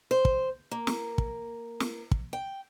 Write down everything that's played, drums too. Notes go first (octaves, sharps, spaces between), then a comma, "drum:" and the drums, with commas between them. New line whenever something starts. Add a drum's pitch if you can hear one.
C5
drum: kick
A#3
drum: snare
drum: kick
drum: snare
drum: kick
G5